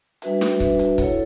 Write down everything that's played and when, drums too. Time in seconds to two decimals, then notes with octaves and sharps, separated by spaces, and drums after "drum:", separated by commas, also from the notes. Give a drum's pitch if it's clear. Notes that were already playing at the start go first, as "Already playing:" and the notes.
0.22 G3 D4 F#4 B4 E5, drum: hi-hat
0.41 drum: snare
0.60 G3 D4 F#4 B4 E5, drum: kick C#1
0.79 drum: hi-hat
0.98 E4 A4 C#5 F#5, drum: kick C#1, hi-hat